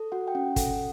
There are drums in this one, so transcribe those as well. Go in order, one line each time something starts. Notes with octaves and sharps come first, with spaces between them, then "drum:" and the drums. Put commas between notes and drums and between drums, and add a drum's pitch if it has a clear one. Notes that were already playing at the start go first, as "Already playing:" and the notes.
Already playing: A4
F#4 F#5
G5
C#4 F#5
A4 F#5, drum: kick, hi-hat